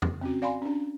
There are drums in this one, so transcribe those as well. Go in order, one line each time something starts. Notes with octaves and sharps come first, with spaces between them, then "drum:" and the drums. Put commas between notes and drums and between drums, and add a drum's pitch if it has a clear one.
drum: tom F2
C4 C#4 F#4
D5 F5 G#5 B5 C6
C#4 D4